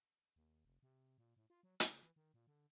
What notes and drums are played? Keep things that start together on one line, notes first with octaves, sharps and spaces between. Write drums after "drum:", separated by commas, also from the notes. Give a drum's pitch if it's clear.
D#2
F1
C3
A#2
A2
F4
F#3
C#3, drum: hi-hat
E3
D#3
A#2
D3